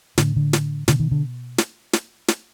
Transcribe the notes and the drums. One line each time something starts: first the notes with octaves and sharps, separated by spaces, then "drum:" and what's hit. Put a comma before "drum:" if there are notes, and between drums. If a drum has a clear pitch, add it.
A2 D3, drum: snare
D3
drum: snare
B2 D3, drum: snare
D#3
D3
drum: snare
drum: snare
drum: snare